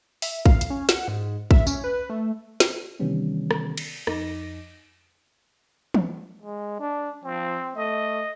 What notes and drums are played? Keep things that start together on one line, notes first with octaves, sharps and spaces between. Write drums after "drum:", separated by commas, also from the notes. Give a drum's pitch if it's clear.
E5, drum: open hi-hat
F5, drum: kick A#1
drum: hi-hat
C#4
F#5, drum: snare
G#2
E5, drum: kick A#1
C#4, drum: tambourine
B4
A3
drum: snare
C3 D#3 E3 G3 B3 C#4
drum: rim click
drum: cymbal
F2 D#4 D6 A#6, drum: rim click
drum: tom E3
G#3
D4
F3 C4
A3 D#5